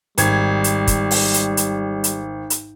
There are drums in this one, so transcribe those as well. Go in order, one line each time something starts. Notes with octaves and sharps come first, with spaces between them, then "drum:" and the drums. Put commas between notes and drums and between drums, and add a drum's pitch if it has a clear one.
G#1 G3 G#6, drum: hi-hat
drum: hi-hat
drum: kick, hi-hat
drum: open hi-hat
drum: hi-hat
drum: hi-hat
drum: hi-hat
drum: hi-hat